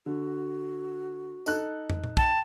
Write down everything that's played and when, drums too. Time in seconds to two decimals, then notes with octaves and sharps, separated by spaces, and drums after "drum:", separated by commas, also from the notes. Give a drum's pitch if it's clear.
0.06 D3 F#4
1.46 D#4 A4 F#6, drum: tambourine
1.90 drum: tom
2.04 drum: tom A#2
2.17 G5 A5, drum: kick